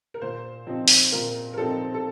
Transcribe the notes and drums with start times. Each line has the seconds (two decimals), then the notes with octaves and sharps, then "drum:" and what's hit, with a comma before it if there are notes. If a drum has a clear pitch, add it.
0.14 A#4
0.21 A#2 C5
0.67 F3 C4 D#4
0.88 drum: open hi-hat
1.12 A#2 A#4
1.53 A#4
1.57 F3 C4 D#4 A4
1.94 A4